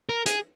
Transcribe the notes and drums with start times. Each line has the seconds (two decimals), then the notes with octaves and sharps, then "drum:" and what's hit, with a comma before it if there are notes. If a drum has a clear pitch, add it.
0.09 A#4
0.26 G#4, drum: hi-hat